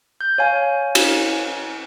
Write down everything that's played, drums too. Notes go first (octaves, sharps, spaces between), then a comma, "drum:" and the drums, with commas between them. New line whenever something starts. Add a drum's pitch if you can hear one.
G6
C#5 F5 G#5
drum: cymbal